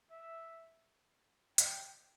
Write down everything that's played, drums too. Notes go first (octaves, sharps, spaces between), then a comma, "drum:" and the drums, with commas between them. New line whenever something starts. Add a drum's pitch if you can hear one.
E5
G5, drum: hi-hat